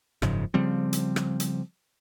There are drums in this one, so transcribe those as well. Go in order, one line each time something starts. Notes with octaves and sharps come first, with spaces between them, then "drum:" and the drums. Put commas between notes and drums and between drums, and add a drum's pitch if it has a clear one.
F#1 G#2 C#3 F3, drum: rim click
C#3 F3 G3 C4
drum: hi-hat
drum: rim click
drum: hi-hat